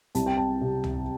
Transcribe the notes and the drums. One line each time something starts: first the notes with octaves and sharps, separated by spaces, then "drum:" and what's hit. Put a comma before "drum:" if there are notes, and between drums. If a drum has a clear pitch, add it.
C2 A5, drum: hi-hat
G5
A5
C3
drum: tom